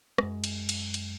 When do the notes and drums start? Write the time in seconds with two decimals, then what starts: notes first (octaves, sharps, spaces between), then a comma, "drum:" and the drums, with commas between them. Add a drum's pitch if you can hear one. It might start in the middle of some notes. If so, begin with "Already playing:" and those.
0.18 F#2 G#3, drum: rim click
0.44 drum: cymbal
0.69 drum: cymbal
0.94 drum: cymbal